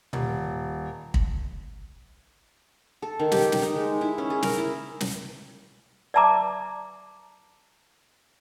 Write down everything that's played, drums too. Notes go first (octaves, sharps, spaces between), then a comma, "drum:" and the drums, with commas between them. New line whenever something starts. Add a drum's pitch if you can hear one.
D#1, drum: tom A#2
drum: kick
A4
D#3
G4, drum: snare
drum: snare
D#4
G#3
E4
C#4
G#4
A#4, drum: snare
E4
drum: snare
D5 E5 A5 A#5 D6